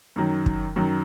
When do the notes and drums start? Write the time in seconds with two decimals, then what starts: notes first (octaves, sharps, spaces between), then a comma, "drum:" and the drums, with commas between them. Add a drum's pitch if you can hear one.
0.16 F#2 D#3 F#3
0.46 drum: kick
0.76 F#2 D#3 F#3